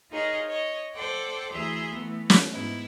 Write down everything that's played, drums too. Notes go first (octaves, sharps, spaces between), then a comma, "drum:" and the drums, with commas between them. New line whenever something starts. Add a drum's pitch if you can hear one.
D#4 F4 G#4 A#4 C#5 D#5
C#5 D#5
A4 C5 D5 F#5 G5
D2 E3 G#4 E5 A#5 C6
E3 A3 B3
drum: snare
G#2 B3 E4